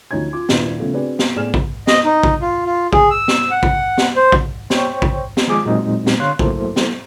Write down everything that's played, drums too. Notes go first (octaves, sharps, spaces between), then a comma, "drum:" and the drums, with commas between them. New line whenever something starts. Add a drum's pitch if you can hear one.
D2 F3 D#4 C#5 G#6
F4 D6
D#1 A#2 D4 E4 B4, drum: snare
C#3 F3 A3 B3
C4 D4 F#4 G#4 B4 D5
drum: snare
A2 B3 G#4 D5 F6 E7
drum: kick A#1
D#5, drum: snare
D#4
drum: kick A#1
F4
F4
G#4, drum: kick A#1
E6
drum: snare
F#5
drum: kick A#1
drum: snare
C5
drum: kick A#1
C5 C#5 G5 C#6, drum: snare
drum: kick A#1
drum: snare
D#3 F3 G#3 G#4 D6
E2 A#2 F#3 G#3 C4 D#4
drum: snare
D3 C#5 F5 C6 F#6
F#3 A3 A#3 E4 A4 C5, drum: kick A#1
drum: snare